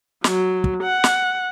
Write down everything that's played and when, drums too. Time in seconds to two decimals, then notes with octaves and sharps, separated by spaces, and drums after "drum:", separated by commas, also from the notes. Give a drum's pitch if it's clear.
0.24 F#3, drum: snare
0.64 drum: kick
0.83 F#5
1.04 drum: snare